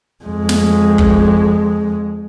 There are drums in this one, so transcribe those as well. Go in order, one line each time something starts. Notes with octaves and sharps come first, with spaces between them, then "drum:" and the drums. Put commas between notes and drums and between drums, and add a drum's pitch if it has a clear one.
F2 G#3
drum: snare
drum: kick